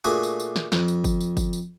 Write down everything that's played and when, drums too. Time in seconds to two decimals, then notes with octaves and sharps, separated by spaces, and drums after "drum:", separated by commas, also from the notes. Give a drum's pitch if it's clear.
0.04 A#2 A3 D4 F#4 G#4, drum: tambourine
0.23 drum: tambourine
0.40 drum: tambourine
0.56 drum: snare
0.72 F2, drum: snare
0.88 drum: tambourine
1.04 drum: kick G1, tambourine
1.21 drum: tambourine
1.37 drum: kick G1, tambourine
1.53 drum: tambourine